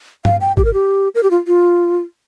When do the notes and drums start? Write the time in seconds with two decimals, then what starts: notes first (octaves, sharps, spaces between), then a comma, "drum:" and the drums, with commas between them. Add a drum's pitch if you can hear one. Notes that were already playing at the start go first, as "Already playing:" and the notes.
0.25 F5, drum: tom
0.41 G5
0.57 G4, drum: kick G#1
0.65 A#4
0.74 G4
1.15 A#4
1.23 G4
1.31 F4
1.47 F4